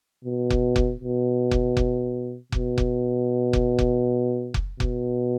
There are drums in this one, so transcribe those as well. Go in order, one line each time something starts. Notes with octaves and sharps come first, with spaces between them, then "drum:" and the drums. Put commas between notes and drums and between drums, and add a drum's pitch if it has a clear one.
B2
drum: kick F1
drum: kick F1
B2
drum: kick F1
drum: kick F1
B2, drum: kick F1
drum: kick F1
drum: kick F1
drum: kick F1
drum: kick F1
B2, drum: kick F1